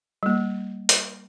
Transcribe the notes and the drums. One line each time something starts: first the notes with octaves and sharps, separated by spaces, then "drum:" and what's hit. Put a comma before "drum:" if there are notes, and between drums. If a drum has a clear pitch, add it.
G3 A#3
drum: hi-hat